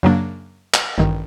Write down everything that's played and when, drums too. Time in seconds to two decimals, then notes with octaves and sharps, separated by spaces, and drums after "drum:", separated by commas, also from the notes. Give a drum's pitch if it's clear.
0.03 F#2 C#3 F#3 A#3 D4
0.74 drum: clap
0.98 A1 G2 D#3